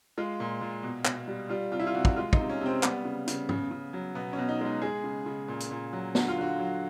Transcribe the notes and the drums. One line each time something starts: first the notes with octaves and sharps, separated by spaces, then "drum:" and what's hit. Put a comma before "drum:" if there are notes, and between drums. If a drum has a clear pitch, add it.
G#3 F4
A#2
A#2
B2
B2, drum: clap
G3
G3 F4
C3 F4
E4
F4
C3 F#4
drum: kick
G#3 F4
D#4, drum: kick
C3
C#4
C3 C4
G3 B3, drum: clap
C#3
C#3, drum: hi-hat
C#3, drum: tom
C#3
F#3
B2 B3
C#4
B2
D#4
G#3 D#4
G#3 G#4
C#3
C#3
A#2
drum: hi-hat
A#2
F#3
D3 F#4, drum: snare
F4
D3 F#4
F#3